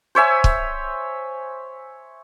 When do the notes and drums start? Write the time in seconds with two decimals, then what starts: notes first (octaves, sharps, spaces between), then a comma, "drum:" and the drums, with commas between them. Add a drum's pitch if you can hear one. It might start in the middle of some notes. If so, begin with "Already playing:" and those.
0.15 C5 C#5 E5 G#5
0.44 drum: kick